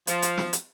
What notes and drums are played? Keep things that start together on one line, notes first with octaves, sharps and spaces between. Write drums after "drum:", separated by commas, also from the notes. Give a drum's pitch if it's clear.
F3, drum: hi-hat
drum: hi-hat
drum: snare
drum: hi-hat